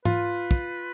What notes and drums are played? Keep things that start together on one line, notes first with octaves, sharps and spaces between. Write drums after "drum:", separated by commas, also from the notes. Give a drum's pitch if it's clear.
F4 B4, drum: tom G#2
drum: kick